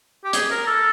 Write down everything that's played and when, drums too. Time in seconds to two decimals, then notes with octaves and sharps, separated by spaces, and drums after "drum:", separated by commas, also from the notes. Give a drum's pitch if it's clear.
0.24 G4
0.33 G#4, drum: hi-hat
0.51 A#4
0.67 A4